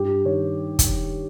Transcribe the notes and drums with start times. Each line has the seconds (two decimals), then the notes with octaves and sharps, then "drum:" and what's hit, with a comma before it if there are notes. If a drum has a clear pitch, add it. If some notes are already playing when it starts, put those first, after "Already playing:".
Already playing: G2 G4
0.25 D#3 C#5
0.79 drum: kick, hi-hat